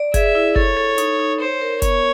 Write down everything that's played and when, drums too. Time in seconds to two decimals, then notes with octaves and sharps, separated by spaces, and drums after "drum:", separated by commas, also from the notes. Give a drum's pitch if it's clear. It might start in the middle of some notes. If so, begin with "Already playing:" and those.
Already playing: D5
0.14 G#4 E5, drum: kick, hi-hat
0.35 E4
0.56 A4 C#5, drum: kick
0.77 A4
0.98 D#4, drum: hi-hat
1.19 D#4
1.40 C5 C#5
1.61 A#4
1.82 B3 C#5, drum: kick, hi-hat